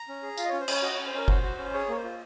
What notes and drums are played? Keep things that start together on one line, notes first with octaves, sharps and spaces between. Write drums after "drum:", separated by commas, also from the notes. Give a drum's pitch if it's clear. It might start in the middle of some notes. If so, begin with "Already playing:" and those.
Already playing: A#5
C#4
G#4
F4 F5, drum: tambourine
D#5
C#4 C#5
C5
C#4 C#5, drum: cymbal
F#4 D#5
C#4 C#5
C5
C#4 A#4
F#4 C5, drum: kick G1
F#4
C#4
G#4 C#5
A#3 C#5
C5
F4